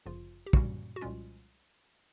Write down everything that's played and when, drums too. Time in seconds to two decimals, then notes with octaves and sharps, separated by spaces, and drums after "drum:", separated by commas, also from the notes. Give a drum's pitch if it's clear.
0.06 G1 F#2 C#3 F3 F4
0.46 G4
0.53 B1 A#2 G3 A#3 C#4 F#4, drum: kick
0.96 F#4
1.01 C2 A#2 F3 G#3 C#4 F4